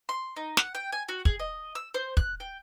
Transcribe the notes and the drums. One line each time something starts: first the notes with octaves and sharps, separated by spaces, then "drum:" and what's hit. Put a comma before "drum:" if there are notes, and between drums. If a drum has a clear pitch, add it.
C6
D#4
F#5, drum: snare
G5
G#5
F#4
G#4, drum: kick
D#5
E6
C5
F#6, drum: kick
G5